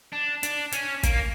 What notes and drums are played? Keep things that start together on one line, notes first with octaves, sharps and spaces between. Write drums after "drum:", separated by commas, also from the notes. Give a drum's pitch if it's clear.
D4
D4, drum: hi-hat
C#4, drum: hi-hat
A#3, drum: kick, hi-hat